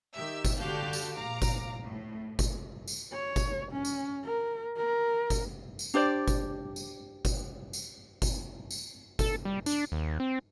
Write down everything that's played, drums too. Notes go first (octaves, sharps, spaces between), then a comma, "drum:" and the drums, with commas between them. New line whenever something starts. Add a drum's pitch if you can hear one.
D#3 G4 E5 E6
drum: kick G1, tambourine
D3 F#4 G4 F5 A5 G6
drum: tambourine
A#1 F5 A#5 D6
drum: kick G1, tambourine
A2
drum: kick G1, tambourine
drum: tambourine
C#5
drum: kick G1, tambourine
C#4
drum: tambourine
A#4
A#4
drum: kick G1, tambourine
drum: tambourine
D4 G4 C5 D5
drum: kick G1, tambourine
drum: tambourine
drum: kick G1, tambourine
drum: tambourine
drum: kick G1, tambourine
drum: tambourine
A4, drum: kick G1, tambourine
G3
D4, drum: tambourine
D#2
C4